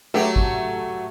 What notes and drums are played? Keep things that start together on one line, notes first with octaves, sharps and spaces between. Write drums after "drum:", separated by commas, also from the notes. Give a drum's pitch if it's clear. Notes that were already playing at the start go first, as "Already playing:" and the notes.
F#3 A3 G4
drum: kick